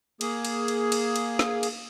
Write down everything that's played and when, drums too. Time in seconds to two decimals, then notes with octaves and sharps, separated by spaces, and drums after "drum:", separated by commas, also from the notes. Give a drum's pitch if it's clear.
0.21 A#3 G#4, drum: cymbal
0.45 drum: cymbal
0.68 drum: cymbal
0.92 drum: cymbal
1.16 drum: cymbal
1.39 drum: snare
1.63 drum: cymbal